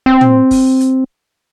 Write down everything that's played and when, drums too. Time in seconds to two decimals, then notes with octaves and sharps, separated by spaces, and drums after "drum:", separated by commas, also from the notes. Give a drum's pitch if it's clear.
0.06 C4
0.21 drum: tom
0.51 drum: kick F#1, open hi-hat
0.81 drum: hi-hat